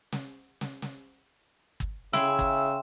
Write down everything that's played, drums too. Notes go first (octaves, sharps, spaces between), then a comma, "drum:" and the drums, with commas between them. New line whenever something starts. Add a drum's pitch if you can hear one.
drum: snare
drum: snare
drum: snare
drum: kick G1
C#3 E4 G#4 E5 G5 C6 E6, drum: snare
drum: kick G1